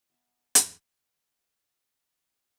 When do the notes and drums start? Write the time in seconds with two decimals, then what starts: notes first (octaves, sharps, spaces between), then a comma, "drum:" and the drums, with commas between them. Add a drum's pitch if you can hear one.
0.10 B3 E5 A5
0.55 drum: hi-hat